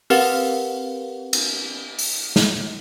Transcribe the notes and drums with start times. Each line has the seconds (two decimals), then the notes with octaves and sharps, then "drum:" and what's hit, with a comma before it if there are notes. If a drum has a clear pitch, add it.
0.10 C4 G4 A#4 B4 F5 F#5, drum: open hi-hat
1.33 drum: cymbal
1.99 drum: open hi-hat
2.36 drum: snare